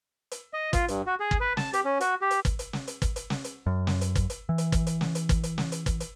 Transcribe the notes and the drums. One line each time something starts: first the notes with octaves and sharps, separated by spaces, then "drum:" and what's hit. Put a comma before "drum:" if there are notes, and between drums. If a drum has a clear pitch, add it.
drum: hi-hat
D#5
F4, drum: kick, hi-hat
G2, drum: hi-hat
F#4
G#4
drum: kick
B4
A5, drum: snare
G4, drum: hi-hat
C#4
F#4, drum: hi-hat
G4
drum: hi-hat
drum: kick, hi-hat
drum: hi-hat
drum: snare
drum: hi-hat
drum: kick, hi-hat
drum: hi-hat
drum: snare
drum: hi-hat
F#2
drum: snare
drum: hi-hat
drum: kick, hi-hat
drum: hi-hat
E3
drum: hi-hat
drum: kick, hi-hat
drum: hi-hat
drum: snare
drum: hi-hat
drum: kick, hi-hat
drum: hi-hat
drum: snare
drum: hi-hat
drum: kick, hi-hat
drum: hi-hat